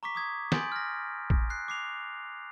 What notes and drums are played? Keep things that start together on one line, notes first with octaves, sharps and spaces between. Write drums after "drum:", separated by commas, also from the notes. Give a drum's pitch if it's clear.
A#5 C#6 D6 B6
D6 D#6 G#6
G#5 C6 D#6 G6 A6 D7, drum: snare
F6 A#6
drum: kick A1
F#6 C7
D6 C7 F7